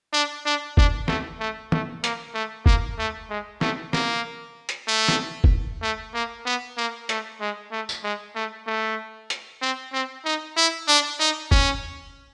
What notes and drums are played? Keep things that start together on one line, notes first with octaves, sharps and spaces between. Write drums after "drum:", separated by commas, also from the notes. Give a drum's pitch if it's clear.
D4
D4
D4, drum: kick F1
A3, drum: snare
A3
A3, drum: tom
A#3, drum: hi-hat
A3
A#3, drum: kick F1
A3
G#3
A3, drum: snare
A#3, drum: snare
drum: hi-hat
A3
drum: snare
drum: kick F1
A3
A#3
B3
A#3
A3, drum: hi-hat
G#3
A3
drum: tambourine
G#3
A3
A3
drum: hi-hat
C4
C4
D#4
E4
D4
D#4
C#4, drum: kick F1